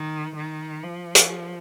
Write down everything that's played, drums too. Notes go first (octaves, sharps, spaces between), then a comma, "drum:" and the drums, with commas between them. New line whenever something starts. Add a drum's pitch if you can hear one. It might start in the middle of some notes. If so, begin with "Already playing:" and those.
Already playing: D#3
D#3
F3
drum: hi-hat